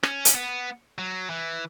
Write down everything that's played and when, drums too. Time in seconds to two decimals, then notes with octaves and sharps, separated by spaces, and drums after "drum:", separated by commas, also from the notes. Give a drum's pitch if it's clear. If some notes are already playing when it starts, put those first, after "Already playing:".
0.03 C#4, drum: rim click
0.25 drum: hi-hat
0.35 B3
0.98 F#3
1.30 E3